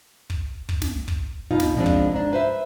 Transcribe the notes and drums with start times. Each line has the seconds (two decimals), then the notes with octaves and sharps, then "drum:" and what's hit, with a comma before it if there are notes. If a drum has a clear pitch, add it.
0.30 drum: kick
0.69 drum: kick
0.82 drum: snare
1.08 drum: kick
1.51 B2 D#4 F4
1.60 drum: snare
1.76 B2 F3 G#3 C4 D4
1.86 drum: kick
2.12 G#2 D4
2.33 B4 C5 E5